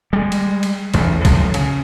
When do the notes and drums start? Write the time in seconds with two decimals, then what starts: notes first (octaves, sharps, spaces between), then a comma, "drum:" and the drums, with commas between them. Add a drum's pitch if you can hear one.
0.13 G3 G#3
0.32 drum: cymbal
0.63 drum: cymbal
0.94 A1 E2 A3, drum: cymbal
1.25 A2 F3 F#3 G#3, drum: kick, cymbal
1.54 C#3, drum: cymbal